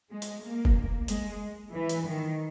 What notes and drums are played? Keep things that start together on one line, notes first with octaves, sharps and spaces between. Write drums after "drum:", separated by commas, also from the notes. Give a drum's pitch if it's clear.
G#3
drum: hi-hat
A#3
drum: kick
G#3, drum: hi-hat
E3
drum: hi-hat
D#3